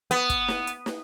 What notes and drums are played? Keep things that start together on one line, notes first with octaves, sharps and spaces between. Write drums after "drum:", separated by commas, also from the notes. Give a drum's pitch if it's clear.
B3, drum: hi-hat
drum: kick, hi-hat
drum: snare
drum: hi-hat
drum: snare